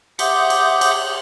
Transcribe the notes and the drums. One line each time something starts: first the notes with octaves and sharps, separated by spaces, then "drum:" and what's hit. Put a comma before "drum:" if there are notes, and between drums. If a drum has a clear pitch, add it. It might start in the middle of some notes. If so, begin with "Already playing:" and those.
E5 F#5 C6 D6 D#6 G6, drum: cymbal
drum: cymbal
drum: cymbal